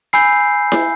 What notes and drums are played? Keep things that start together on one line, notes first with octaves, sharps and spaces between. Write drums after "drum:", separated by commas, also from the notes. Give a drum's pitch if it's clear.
G#5 B5 E6 G6 C7, drum: hi-hat
drum: snare E4